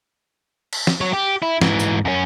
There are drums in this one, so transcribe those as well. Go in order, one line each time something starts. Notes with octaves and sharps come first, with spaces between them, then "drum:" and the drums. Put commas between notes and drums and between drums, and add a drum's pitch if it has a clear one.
drum: cymbal
drum: snare
F#3 C#5
G4
E4
G#2 E3, drum: snare
drum: tambourine
F#2 C#4